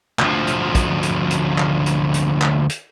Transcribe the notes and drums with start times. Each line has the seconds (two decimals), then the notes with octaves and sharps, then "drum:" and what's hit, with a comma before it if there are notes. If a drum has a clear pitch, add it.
0.19 D2 F3, drum: clap
0.47 drum: hi-hat
0.75 drum: kick, hi-hat
1.03 drum: hi-hat
1.30 drum: hi-hat
1.58 drum: clap
1.86 drum: hi-hat
2.14 drum: hi-hat
2.42 drum: clap
2.69 drum: hi-hat